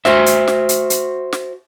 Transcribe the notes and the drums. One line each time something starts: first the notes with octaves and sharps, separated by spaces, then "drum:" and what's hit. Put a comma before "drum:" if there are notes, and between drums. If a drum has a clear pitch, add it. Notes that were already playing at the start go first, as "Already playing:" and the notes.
F#4 C5 E5, drum: snare
drum: hi-hat
drum: snare
drum: hi-hat
drum: hi-hat
drum: snare